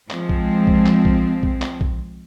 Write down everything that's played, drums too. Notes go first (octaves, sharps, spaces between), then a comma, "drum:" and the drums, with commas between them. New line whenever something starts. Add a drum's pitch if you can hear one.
F3 G#3 C4, drum: clap
drum: kick A#1
drum: kick A#1
drum: clap
drum: kick A#1
drum: kick A#1
drum: clap
drum: kick A#1